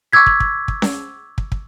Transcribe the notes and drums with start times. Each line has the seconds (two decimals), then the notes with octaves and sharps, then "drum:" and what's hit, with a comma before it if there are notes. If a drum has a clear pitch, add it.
0.13 C#6 D6 E6 G#6 B6
0.26 drum: kick
0.40 drum: kick
0.68 drum: kick
0.82 drum: snare C#4
1.38 drum: kick
1.52 drum: kick